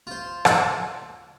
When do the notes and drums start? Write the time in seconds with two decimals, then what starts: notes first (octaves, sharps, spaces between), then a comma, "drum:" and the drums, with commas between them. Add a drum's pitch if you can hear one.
0.07 F4 C5
0.45 drum: rim click